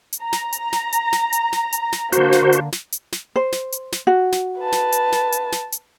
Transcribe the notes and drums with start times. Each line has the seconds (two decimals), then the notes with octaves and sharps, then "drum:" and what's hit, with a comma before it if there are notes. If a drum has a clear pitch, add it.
0.13 drum: hi-hat
0.23 A#5
0.33 drum: snare
0.53 drum: hi-hat
0.73 drum: snare
0.93 drum: hi-hat
1.12 drum: snare
1.32 drum: hi-hat
1.52 drum: snare
1.72 drum: hi-hat
1.92 drum: snare
2.12 D3 A#3 F#4 C5, drum: hi-hat
2.32 drum: snare
2.52 drum: hi-hat
2.72 drum: snare
2.92 drum: hi-hat
3.12 drum: snare
3.36 C5
3.52 drum: snare
3.72 drum: hi-hat
3.92 drum: snare
4.07 F#4
4.32 drum: snare
4.60 B4 A5
4.72 drum: snare
4.92 drum: hi-hat
5.12 drum: snare
5.32 drum: hi-hat
5.52 drum: snare
5.72 drum: hi-hat